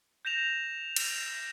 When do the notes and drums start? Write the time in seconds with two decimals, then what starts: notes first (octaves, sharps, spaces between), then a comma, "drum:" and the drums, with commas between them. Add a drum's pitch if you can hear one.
0.25 G6 A#6 E7 F7
0.96 drum: cymbal